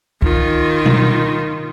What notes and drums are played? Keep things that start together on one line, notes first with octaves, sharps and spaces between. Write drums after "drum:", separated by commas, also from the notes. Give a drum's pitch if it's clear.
D#3 F4, drum: kick
drum: tom B2